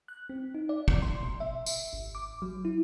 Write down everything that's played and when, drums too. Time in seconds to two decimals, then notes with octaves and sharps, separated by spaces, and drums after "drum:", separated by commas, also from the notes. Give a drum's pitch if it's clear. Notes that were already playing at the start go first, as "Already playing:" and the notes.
0.08 F#6
0.29 C4
0.54 D#4
0.69 D5
0.88 drum: kick
1.02 C6
1.23 B2
1.40 E5
1.66 drum: tambourine
1.93 G#1
2.15 D6
2.42 F#3
2.65 E4